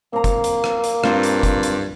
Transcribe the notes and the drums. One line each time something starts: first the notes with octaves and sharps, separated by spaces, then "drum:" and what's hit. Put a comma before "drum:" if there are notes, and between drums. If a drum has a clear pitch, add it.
A#3 C4 A#5
drum: kick, hi-hat
drum: hi-hat
drum: rim click
drum: hi-hat
G2 C4 F4, drum: rim click
drum: hi-hat
drum: kick, hi-hat
drum: hi-hat